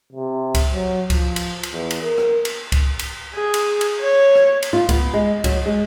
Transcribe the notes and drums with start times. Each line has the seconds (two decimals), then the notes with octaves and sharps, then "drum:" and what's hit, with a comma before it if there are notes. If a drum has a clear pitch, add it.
0.13 C3
0.55 drum: kick C#2, cymbal
0.73 F#3
1.10 F3, drum: kick C#2, cymbal
1.36 drum: cymbal
1.63 drum: cymbal
1.73 E2
1.91 drum: cymbal
2.03 A#4
2.18 drum: rim click
2.45 drum: cymbal
2.72 drum: kick C#2, cymbal
2.99 drum: cymbal
3.34 G#4
3.54 drum: cymbal
3.81 drum: cymbal
4.00 C#5
4.35 drum: rim click
4.63 drum: cymbal
4.73 F4
4.89 B3, drum: kick C#2, cymbal
5.14 G#3
5.44 F#3, drum: kick C#2, cymbal
5.66 G#3